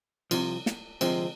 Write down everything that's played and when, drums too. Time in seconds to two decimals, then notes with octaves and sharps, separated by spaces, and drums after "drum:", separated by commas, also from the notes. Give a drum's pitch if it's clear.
0.31 C2 C3 F3, drum: cymbal
0.66 drum: snare
1.01 D2 C3 F3 G#3 C4, drum: cymbal